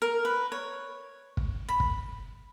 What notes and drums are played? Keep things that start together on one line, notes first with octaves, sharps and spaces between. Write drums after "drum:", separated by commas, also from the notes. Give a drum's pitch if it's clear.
A#4
B4
C#5
drum: kick
B5
drum: kick